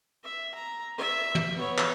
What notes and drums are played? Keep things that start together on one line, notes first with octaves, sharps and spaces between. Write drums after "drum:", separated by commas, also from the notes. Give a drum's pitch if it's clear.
E5
A#5
E5
drum: tom
B3 C#5
drum: clap